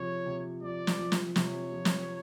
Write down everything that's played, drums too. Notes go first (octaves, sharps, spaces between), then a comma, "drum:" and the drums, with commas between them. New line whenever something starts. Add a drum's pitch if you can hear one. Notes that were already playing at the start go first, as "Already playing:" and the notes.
Already playing: C3 F3 G#3 C#5
C3
F3 D5
drum: snare
F3
drum: snare
C3 C#5, drum: snare
F3
drum: snare